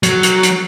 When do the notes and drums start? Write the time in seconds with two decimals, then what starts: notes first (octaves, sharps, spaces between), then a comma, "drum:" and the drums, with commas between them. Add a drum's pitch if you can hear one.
0.03 F#3, drum: hi-hat
0.23 drum: hi-hat
0.43 drum: hi-hat